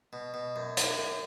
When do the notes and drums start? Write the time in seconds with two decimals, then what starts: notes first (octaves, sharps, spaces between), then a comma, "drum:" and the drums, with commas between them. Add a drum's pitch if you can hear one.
0.13 B2
0.34 B2
0.56 F#2
0.77 F#2, drum: hi-hat
0.98 F#2